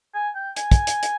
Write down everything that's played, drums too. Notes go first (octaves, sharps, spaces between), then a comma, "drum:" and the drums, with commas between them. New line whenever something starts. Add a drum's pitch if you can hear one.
G#5
G5
G#5, drum: hi-hat
drum: kick, hi-hat
drum: hi-hat
drum: hi-hat